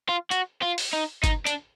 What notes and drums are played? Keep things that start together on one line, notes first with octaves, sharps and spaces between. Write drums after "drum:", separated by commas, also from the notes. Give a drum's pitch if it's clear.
F4
F#4, drum: hi-hat
F4
drum: open hi-hat
D#4
D#4, drum: kick G1, hi-hat
D4, drum: hi-hat